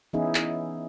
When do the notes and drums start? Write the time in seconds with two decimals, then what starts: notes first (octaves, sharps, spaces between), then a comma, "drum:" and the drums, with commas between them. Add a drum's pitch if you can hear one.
0.13 E3 B3 C#4 D#4 E4 G#4
0.35 drum: clap